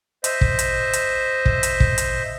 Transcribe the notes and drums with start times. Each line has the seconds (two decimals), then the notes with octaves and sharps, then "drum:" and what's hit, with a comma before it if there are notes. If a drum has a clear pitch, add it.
0.24 C5 D#5 E5, drum: hi-hat
0.41 drum: kick
0.59 drum: hi-hat
0.93 drum: hi-hat
1.46 drum: kick
1.63 drum: hi-hat
1.80 drum: kick
1.98 drum: hi-hat